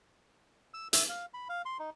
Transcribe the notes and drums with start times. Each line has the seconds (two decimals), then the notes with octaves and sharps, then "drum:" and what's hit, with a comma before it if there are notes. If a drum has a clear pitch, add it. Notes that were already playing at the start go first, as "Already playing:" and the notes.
0.74 E6
0.93 E5, drum: hi-hat
1.09 F5
1.34 B5
1.49 F5
1.66 C6
1.79 D#4